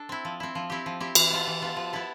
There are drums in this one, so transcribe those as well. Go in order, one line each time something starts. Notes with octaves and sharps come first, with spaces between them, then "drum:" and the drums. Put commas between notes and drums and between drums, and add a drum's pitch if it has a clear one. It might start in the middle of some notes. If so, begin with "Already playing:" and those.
Already playing: D4 A4
C4 E4
F3
C4 E4
F3
C4 E4 G4
F3
C4 E4 G4
E3, drum: cymbal
B3 F4 A4
E3
B3 F4 A4
F3
B3 E4 A4